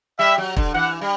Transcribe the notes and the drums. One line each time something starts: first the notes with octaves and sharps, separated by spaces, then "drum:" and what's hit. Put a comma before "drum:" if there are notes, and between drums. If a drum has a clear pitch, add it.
G3 E5
F#3
D3, drum: kick
E3 F#5
G3